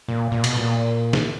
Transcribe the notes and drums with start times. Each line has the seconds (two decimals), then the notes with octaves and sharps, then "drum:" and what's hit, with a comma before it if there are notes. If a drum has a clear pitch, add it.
0.08 A#2
0.32 A#2
0.44 B2, drum: cymbal
0.57 A#2
1.13 drum: snare